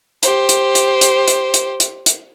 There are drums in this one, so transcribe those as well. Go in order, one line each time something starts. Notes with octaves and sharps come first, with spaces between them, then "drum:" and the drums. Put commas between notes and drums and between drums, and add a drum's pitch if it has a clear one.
G4 C5, drum: hi-hat
drum: hi-hat
drum: hi-hat
drum: hi-hat
drum: hi-hat
drum: hi-hat
drum: hi-hat
drum: hi-hat